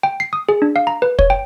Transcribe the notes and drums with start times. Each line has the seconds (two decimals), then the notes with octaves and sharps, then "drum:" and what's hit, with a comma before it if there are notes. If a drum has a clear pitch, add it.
0.03 G5
0.20 C7
0.33 D#6
0.49 G#4
0.62 D4
0.76 F5
0.87 A#5
1.02 B4
1.19 C#5, drum: kick
1.30 G5